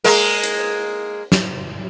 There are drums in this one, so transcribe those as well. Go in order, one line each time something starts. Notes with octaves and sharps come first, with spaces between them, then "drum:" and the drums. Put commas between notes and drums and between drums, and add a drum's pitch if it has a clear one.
G#3 A#3 A#4, drum: open hi-hat
drum: hi-hat
drum: snare